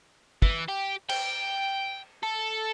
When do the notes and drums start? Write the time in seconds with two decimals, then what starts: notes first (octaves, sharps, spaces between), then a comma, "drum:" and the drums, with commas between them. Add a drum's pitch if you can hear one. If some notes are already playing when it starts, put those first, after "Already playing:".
0.42 E3, drum: kick
0.68 G4
1.09 G5, drum: cymbal
2.23 A4